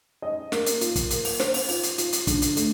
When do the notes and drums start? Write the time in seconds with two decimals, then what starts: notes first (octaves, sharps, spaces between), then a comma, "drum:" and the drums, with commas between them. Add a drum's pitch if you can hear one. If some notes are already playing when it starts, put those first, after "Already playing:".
0.22 D#5
0.52 A#3, drum: snare
0.66 drum: hi-hat
0.81 F4, drum: hi-hat
0.96 drum: kick, hi-hat
1.10 A#3, drum: hi-hat
1.25 drum: open hi-hat
1.40 C5, drum: snare
1.54 drum: open hi-hat
1.69 F4, drum: open hi-hat
1.83 drum: hi-hat
1.98 F4, drum: hi-hat
2.12 drum: hi-hat
2.27 D3, drum: kick, hi-hat
2.42 drum: hi-hat
2.57 A3, drum: hi-hat